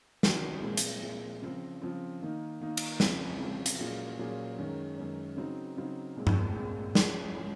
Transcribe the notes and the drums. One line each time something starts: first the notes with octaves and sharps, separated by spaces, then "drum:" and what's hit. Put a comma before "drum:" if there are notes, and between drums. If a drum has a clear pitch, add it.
C3 D#3 F#3 C#4 F#4, drum: snare
A#2 G#3 C4
drum: hi-hat
A#2 G#3 C4
C#3 F3 C4
C#3 F3 C4
D#3 A#3 D#4
D#3 A#3 D#4
drum: cymbal
F2 C#3 F3 C4, drum: snare
F2 C#3 F3 C4
drum: hi-hat
A#2 F#3 C#4 F4 G#4
A#2 F#3 C#4 F4 G#4
F#2 D#3 G#3 C#4
F#2 D#3 G#3 C#4
C#3 F#3 C4 D#4
C#3 F#3 C4 D#4
A#2 G#3 C4
drum: tom G2
A#2 G#3 C4
F3 G#3 C#4 G#4, drum: snare
F3 G#3 C#4 G#4